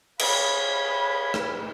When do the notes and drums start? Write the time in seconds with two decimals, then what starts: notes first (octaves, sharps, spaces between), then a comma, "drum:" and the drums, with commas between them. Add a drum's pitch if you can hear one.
0.19 G#4 C#5 F5 G#5 B5, drum: cymbal
1.34 drum: rim click